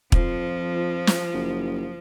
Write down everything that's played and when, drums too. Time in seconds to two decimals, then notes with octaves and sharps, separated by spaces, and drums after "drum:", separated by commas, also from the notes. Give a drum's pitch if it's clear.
0.12 F2 F3, drum: kick
1.07 drum: snare
1.34 F#1